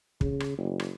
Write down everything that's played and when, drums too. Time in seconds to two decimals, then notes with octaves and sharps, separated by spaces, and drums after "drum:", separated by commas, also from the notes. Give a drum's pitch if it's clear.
0.21 C#3, drum: kick
0.40 drum: rim click
0.58 F#1
0.80 drum: rim click